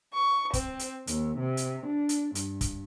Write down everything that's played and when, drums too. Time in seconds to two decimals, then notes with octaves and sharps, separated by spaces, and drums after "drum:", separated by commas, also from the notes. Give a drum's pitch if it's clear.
0.14 C#6
0.53 C4, drum: kick, hi-hat
0.79 drum: hi-hat
1.07 D#2, drum: hi-hat
1.39 C3
1.57 drum: hi-hat
1.86 D4
2.09 drum: hi-hat
2.35 G2, drum: hi-hat
2.61 drum: kick, hi-hat